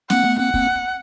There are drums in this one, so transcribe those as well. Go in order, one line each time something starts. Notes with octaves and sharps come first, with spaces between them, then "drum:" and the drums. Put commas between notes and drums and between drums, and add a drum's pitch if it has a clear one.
A#3 C4 F#5, drum: snare
A3 B3
A#3 C4 F#5
A#3 C4, drum: kick